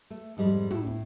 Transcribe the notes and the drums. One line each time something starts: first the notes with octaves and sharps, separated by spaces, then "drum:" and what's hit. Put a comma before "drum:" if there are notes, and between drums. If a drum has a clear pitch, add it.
A3
F2 G#2 G3 G#3
A2 E4, drum: tom
drum: kick